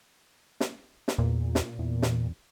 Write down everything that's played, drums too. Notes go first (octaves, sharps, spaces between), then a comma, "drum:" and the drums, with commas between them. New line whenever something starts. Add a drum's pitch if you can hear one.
drum: snare
drum: snare
E2 A#2
drum: snare
E2
drum: snare